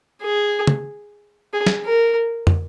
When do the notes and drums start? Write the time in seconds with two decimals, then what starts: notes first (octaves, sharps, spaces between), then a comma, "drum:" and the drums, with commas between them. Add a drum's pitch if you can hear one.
0.21 G#4
0.67 drum: tom
1.53 G#4
1.66 drum: snare
1.85 A#4
2.47 drum: tom